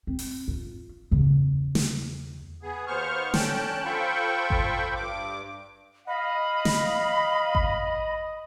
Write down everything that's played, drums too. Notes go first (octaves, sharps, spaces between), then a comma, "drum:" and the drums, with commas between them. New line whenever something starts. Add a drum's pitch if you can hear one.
C4
drum: open hi-hat
F4
E2 C#3
drum: snare
B3 G#4
D#2 B3 C5 C#6 F6
D3 C#4 G5 A5 F#6, drum: snare
F4 A4 C5 G5 B5 C#6
drum: kick G#1
G2 D6
D#5 F5 B5
drum: snare
drum: kick G#1